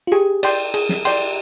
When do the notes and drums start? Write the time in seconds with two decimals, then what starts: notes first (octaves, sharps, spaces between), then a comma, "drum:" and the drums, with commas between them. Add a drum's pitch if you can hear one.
0.07 F4
0.12 G4 G#4
0.43 D5 G5 C6, drum: cymbal
0.74 G#4, drum: cymbal
0.89 drum: snare
1.05 D5 G5 C6, drum: cymbal